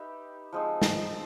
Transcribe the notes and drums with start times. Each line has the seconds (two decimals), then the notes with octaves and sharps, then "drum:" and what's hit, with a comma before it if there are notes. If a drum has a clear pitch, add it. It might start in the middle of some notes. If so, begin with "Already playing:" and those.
Already playing: D#4 G4 B4 E5
0.53 F3 G#3 C4 D#4
0.82 drum: snare